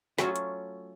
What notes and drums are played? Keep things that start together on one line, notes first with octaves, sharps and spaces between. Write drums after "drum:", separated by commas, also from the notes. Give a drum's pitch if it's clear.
F#3 A3 C#4 F4 F#4 G#4, drum: snare
drum: hi-hat